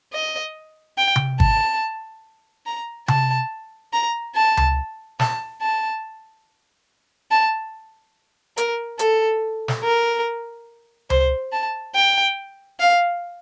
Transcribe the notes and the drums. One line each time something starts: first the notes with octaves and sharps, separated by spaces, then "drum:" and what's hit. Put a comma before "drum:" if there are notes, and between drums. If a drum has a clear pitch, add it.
D#5
G5
drum: tom C3
A5, drum: kick
A#5
A5, drum: tom C3
A#5
A5
drum: tom C#2
A5, drum: snare
A5
A5
A#4, drum: hi-hat
A4, drum: hi-hat
drum: snare
A#4
C5, drum: tom C#2
A5
G5
F5